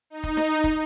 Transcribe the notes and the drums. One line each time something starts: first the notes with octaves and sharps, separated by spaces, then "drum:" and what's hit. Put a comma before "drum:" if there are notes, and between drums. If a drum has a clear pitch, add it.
D#4
drum: kick
drum: snare
drum: kick